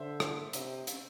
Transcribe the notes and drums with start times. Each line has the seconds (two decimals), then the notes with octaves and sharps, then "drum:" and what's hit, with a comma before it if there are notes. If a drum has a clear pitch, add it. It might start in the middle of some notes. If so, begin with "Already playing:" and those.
Already playing: D3 C5 E5
0.20 drum: rim click
0.53 C3, drum: hi-hat
0.87 drum: hi-hat